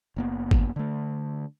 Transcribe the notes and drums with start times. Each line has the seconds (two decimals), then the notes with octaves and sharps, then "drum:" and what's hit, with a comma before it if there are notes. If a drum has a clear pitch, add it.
0.16 F#1 A#3 B3
0.51 drum: kick G#1
0.76 D3 A3